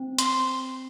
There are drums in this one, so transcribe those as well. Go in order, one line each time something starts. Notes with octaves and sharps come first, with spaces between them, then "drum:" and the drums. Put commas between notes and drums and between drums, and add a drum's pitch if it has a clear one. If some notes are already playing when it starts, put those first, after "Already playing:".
Already playing: C4
C6, drum: hi-hat